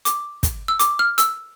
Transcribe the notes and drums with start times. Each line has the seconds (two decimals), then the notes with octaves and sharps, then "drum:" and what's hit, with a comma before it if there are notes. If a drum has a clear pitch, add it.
0.05 D6, drum: hi-hat
0.43 drum: kick, hi-hat
0.68 E6
0.79 D6, drum: hi-hat
0.99 F6
1.18 E6, drum: hi-hat